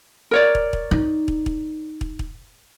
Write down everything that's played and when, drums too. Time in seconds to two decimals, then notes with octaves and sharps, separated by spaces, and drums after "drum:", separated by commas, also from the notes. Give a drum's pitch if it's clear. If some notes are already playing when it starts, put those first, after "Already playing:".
0.31 A#4 C#5 D5
0.55 drum: kick
0.73 drum: kick
0.91 D#4
1.28 drum: kick
1.46 drum: kick
2.01 drum: kick
2.19 drum: kick